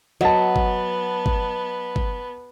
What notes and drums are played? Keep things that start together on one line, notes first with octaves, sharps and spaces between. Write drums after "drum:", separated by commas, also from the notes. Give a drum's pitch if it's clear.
F#3 B3 D#5 A5
drum: kick
drum: kick
drum: kick